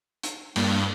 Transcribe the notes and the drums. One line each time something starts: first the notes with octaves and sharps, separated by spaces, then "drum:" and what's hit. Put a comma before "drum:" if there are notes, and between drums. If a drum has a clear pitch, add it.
drum: hi-hat
G2 A#3, drum: cymbal